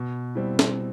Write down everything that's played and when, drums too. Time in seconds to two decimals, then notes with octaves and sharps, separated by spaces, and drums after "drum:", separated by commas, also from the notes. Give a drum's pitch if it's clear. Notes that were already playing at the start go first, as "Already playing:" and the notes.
Already playing: B2
0.35 G3 C4 E4
0.59 drum: snare